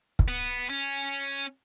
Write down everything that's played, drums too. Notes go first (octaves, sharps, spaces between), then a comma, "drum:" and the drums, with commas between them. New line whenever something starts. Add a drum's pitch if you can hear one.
drum: kick
B3
C#4